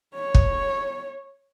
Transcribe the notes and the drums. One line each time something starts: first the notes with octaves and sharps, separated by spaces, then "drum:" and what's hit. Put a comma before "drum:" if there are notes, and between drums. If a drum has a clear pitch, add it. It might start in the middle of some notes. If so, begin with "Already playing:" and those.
C#5
drum: kick